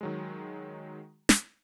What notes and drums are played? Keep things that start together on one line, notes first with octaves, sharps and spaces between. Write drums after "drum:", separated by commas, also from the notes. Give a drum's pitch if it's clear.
D#3 F#3 G#3
drum: snare